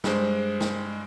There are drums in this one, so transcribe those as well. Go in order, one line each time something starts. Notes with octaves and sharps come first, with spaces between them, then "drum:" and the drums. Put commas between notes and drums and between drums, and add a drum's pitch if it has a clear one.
G2 G#3 C5, drum: snare
drum: snare